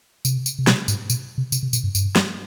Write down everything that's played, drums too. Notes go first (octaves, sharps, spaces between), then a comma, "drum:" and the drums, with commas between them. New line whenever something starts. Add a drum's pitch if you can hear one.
C3, drum: tambourine
drum: tambourine
C3
B2, drum: snare
G#2, drum: tambourine
B2, drum: tambourine
C3
C3, drum: tambourine
C3
B2, drum: tambourine
G2
G2, drum: tambourine
drum: snare